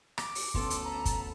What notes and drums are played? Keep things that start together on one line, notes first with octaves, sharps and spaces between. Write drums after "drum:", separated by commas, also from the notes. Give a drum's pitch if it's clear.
D6, drum: rim click
drum: open hi-hat
D2 B3 C#4 A4 C6, drum: kick
drum: hi-hat
A#5 B5
drum: kick, hi-hat